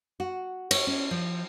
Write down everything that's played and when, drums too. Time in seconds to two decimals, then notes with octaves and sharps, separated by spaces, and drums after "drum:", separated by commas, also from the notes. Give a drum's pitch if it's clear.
0.20 F#4
0.71 C#5, drum: cymbal
0.87 C#4
1.11 F3